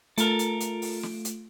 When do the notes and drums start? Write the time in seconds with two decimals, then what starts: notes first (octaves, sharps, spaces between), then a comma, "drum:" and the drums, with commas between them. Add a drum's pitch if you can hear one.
0.18 A3 F4 A4 A#4 D7, drum: hi-hat
0.39 drum: hi-hat
0.60 drum: hi-hat
0.82 drum: open hi-hat
1.03 drum: snare
1.25 drum: hi-hat